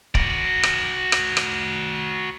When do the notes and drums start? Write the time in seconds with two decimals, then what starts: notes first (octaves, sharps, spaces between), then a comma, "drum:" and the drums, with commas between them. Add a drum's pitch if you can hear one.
0.15 F#4 D5, drum: kick C#1
0.63 drum: rim click
1.12 drum: rim click
1.37 drum: rim click